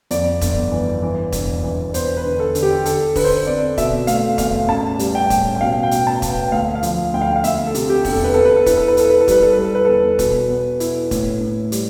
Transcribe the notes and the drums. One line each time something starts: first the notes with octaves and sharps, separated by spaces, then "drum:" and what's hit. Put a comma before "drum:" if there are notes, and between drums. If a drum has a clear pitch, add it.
F2 D5, drum: hi-hat
G1, drum: kick E1, hi-hat
E3
E3
E1, drum: kick E1, hi-hat
E3
B3 C5, drum: hi-hat
B4
D3
A4
D3, drum: hi-hat
G4
D3 A4, drum: hi-hat
D3 B4, drum: kick E1, open hi-hat
C5
B4
C4 D5
B2 E5, drum: kick E1, hi-hat
A3 F5, drum: hi-hat
E2 F5, drum: kick E1, hi-hat
A1 A5
G3, drum: hi-hat
G5
A2, drum: kick E1, hi-hat
G5
B2 F5
G5
B2, drum: hi-hat
A5
B3, drum: kick E1, hi-hat
G5
D2 F5
F5
F3, drum: hi-hat
D2 G5
F5
F5
D2 E5, drum: hi-hat
A4
C3, drum: hi-hat
G4
E1, drum: kick E1, open hi-hat
A4
B4
B3 A4
B4
A4
E4 B4, drum: kick E1, hi-hat
A4
B4
E4 A4, drum: hi-hat
B4
A4
G3 B4, drum: kick E1, hi-hat
A4
G3 B4
A4
B4
E2 A4
B2 B4, drum: kick E1, hi-hat
B3
E4, drum: hi-hat
A2, drum: kick E1, hi-hat
A2
G3, drum: hi-hat